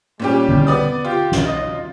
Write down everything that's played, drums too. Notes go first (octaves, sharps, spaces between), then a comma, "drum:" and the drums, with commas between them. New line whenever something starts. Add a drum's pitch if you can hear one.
A#2 G3 C#4 G4
drum: tom D3
B3 D5 D#6
F4 G4
drum: snare
D#5